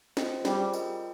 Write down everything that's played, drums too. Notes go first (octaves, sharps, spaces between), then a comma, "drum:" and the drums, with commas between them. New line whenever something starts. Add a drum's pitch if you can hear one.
F4 C5 D#5 G5, drum: snare
G3 F4 G#4 C5, drum: snare
F4 A#4 D#5 G5, drum: tambourine